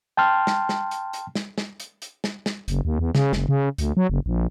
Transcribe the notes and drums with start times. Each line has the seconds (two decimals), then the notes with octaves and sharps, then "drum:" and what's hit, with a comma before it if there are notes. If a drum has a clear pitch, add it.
0.17 G5 A5 C6 F6
0.47 drum: snare
0.69 drum: snare
0.91 drum: hi-hat
1.13 drum: hi-hat
1.35 drum: snare
1.58 drum: snare
1.80 drum: hi-hat
2.02 drum: hi-hat
2.24 drum: snare
2.46 drum: snare
2.68 F#1, drum: hi-hat
2.85 D#2
2.99 E2
3.15 C#3, drum: snare
3.33 F#1, drum: snare
3.49 C#3
3.78 D2, drum: hi-hat
3.97 F#3
4.10 F#1
4.26 A#1